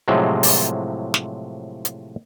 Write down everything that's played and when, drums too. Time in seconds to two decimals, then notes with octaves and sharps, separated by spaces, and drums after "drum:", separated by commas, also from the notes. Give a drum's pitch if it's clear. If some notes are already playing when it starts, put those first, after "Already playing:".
0.08 A2 C3 F3 F#3 G#3
0.43 drum: open hi-hat
1.14 drum: snare
1.85 drum: hi-hat